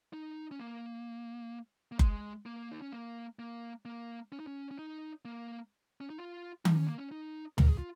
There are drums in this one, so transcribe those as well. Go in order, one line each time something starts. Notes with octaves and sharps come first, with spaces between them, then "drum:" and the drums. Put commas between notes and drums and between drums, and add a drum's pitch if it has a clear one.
D#4
C#4
A#3
A#3
G#3, drum: kick F#1
A#3
D#4
C#4
A#3
A#3
A#3
C#4
D#4
C#4
C#4
D#4
A#3
C#4
D#4
F4
D#4, drum: tom D#3
C#4
A#3
C#4
D#4
A#4, drum: tom
G#4
F4